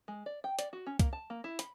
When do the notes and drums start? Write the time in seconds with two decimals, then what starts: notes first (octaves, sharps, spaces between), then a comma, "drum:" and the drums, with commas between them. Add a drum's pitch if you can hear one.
0.08 G#3
0.26 D5
0.44 G5
0.59 D5, drum: hi-hat
0.73 F#4
0.87 C#4
0.99 A#3, drum: kick, hi-hat
1.13 A5
1.30 A#3
1.44 E4
1.59 B5, drum: hi-hat